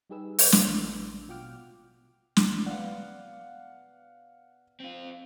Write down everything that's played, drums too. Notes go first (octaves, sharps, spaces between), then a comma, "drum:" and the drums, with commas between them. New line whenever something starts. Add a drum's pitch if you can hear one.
G3 D#4 G4 G#4 B4 E6
drum: open hi-hat
A1 D4 D6 E6, drum: snare
B2 F4 F#5 G5 D6 F6
drum: snare
B3 D5 F5 F#5
C4 F4